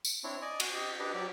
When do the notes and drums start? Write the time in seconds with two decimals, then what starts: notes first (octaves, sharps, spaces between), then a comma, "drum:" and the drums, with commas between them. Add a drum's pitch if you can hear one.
0.05 drum: tambourine
0.24 C4 D4 E4 C#5
0.42 D5 D#5 G#5
0.60 F#4, drum: cymbal
0.74 G4 D#5
1.00 D4 G4 B4 D#5
1.14 F#3 G4 D5